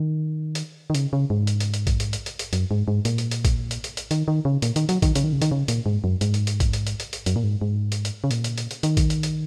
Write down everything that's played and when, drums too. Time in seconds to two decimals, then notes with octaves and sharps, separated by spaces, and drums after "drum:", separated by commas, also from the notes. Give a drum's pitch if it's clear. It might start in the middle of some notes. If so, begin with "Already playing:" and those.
Already playing: D#3
0.55 drum: hi-hat
0.90 D#3
0.95 C#3, drum: hi-hat
1.13 C#3
1.30 G#2
1.47 drum: hi-hat
1.60 drum: hi-hat
1.74 drum: hi-hat
1.87 drum: kick A1, hi-hat
2.00 drum: hi-hat
2.13 drum: hi-hat
2.26 drum: hi-hat
2.39 drum: hi-hat
2.53 F#2, drum: hi-hat
2.71 G#2
2.88 G#2
3.05 A#2, drum: hi-hat
3.18 drum: hi-hat
3.31 drum: hi-hat
3.45 drum: kick A1, hi-hat
3.71 drum: hi-hat
3.84 drum: hi-hat
3.97 drum: hi-hat
4.11 D#3, drum: hi-hat
4.28 D#3
4.45 C#3
4.62 A#2, drum: hi-hat
4.76 D#3, drum: hi-hat
4.89 F#3, drum: hi-hat
5.02 D#3, drum: kick A1, hi-hat
5.15 C#3, drum: hi-hat
5.24 D#3
5.33 C#3
5.42 D#3, drum: hi-hat
5.51 C#3
5.68 A#2, drum: hi-hat
5.86 G#2
6.04 F#2
6.21 G#2, drum: hi-hat
6.34 drum: hi-hat
6.47 drum: hi-hat
6.60 drum: kick A1, hi-hat
6.73 drum: hi-hat
6.87 drum: hi-hat
7.00 drum: hi-hat
7.13 drum: hi-hat
7.26 F#2, drum: hi-hat
7.36 A#2
7.44 G#2
7.61 G#2
7.92 drum: hi-hat
8.05 drum: hi-hat
8.24 C#3
8.31 A#2, drum: hi-hat
8.44 drum: hi-hat
8.58 drum: hi-hat
8.71 drum: hi-hat
8.83 D#3, drum: hi-hat
8.97 drum: kick A1, hi-hat
9.10 drum: hi-hat
9.23 drum: hi-hat